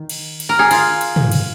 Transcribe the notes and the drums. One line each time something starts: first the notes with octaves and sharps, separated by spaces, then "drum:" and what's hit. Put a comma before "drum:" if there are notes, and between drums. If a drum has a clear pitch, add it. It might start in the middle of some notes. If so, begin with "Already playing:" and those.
Already playing: D#3
drum: cymbal
drum: cymbal
A#4
G#4
F4, drum: cymbal
drum: cymbal
drum: tom
drum: cymbal